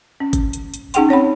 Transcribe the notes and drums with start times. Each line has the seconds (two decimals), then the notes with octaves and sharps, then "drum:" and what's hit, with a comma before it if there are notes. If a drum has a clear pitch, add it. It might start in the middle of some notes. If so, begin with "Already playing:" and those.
0.20 C#4
0.33 drum: kick G#1, hi-hat
0.53 drum: hi-hat
0.74 drum: hi-hat
0.94 C#4 D#4 G#4 F#5 G5 C6, drum: hi-hat
1.09 C4 C#5 F#5 B5